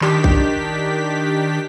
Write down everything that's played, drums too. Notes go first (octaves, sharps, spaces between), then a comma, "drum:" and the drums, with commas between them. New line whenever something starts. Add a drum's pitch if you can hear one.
D#3 D4 G4 B6, drum: clap
drum: kick A#1